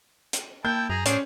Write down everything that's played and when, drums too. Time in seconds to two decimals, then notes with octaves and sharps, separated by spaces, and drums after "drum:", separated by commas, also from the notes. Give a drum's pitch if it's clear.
0.33 drum: hi-hat
0.65 A#3 E4 G5 A5 G6
0.90 F#2 G#4 A#5
1.06 A2 C#4 D4 G#4 C5, drum: hi-hat